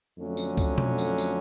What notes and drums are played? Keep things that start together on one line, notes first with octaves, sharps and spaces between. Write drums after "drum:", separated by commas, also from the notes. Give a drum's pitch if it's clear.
F2 D3 F#3 A3 C#4
drum: tambourine
drum: kick, tambourine
drum: tom B2
drum: tambourine
drum: tambourine